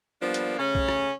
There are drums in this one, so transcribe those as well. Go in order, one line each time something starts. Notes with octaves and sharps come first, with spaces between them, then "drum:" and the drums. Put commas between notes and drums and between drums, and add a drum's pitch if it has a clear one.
F3 G3 A#3 B3 D4
drum: hi-hat
C#3 A3 C#4
drum: kick B1
drum: rim click